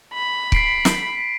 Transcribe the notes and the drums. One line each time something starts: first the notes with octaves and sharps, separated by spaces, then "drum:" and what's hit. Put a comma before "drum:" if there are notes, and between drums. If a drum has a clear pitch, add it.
B5
B6 C7 D7, drum: kick C#1
drum: snare